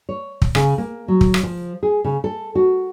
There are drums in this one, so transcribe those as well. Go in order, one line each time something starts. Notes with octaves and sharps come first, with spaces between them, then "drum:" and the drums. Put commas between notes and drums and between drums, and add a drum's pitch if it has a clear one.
C#5
drum: kick
C#3, drum: rim click
A#3
F#3
drum: kick
drum: rim click
F3
G#4
C#3
A4
F#4